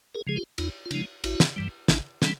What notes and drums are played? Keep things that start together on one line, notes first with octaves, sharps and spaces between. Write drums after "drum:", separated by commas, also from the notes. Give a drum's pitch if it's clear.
G#4 A#4
C#3 F3 G#3 G#4
F4 G4
E2 D#4 F4, drum: cymbal
F4
C#3 F3 G#3 D4 E4, drum: cymbal
A1 E4 F#4, drum: cymbal
drum: snare
G2 E3 G3
A1 D4 E4, drum: snare
E3 G3 C4 D4, drum: snare